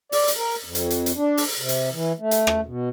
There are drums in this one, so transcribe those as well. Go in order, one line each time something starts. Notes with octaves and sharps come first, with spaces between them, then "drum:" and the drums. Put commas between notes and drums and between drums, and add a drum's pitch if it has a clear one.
D5, drum: open hi-hat
drum: hi-hat
A#4
F2
drum: hi-hat
drum: hi-hat
drum: hi-hat
D4
drum: open hi-hat
C3
drum: hi-hat
E3
A3
drum: hi-hat
drum: rim click
B2